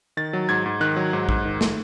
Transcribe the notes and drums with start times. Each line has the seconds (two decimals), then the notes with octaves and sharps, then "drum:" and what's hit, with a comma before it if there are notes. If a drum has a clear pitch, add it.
0.17 D#3 A6
0.33 F#3
0.49 G#2 G#6
0.66 G#2
0.81 D#3 F#6
0.96 F#3
1.13 G#2
1.29 G#2, drum: kick
1.45 D#3
1.61 A3, drum: snare